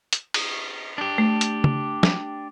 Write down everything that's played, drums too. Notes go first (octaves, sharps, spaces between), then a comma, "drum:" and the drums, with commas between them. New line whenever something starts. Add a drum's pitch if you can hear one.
drum: hi-hat
drum: cymbal
D4 G4
A3
drum: hi-hat
drum: tom
drum: snare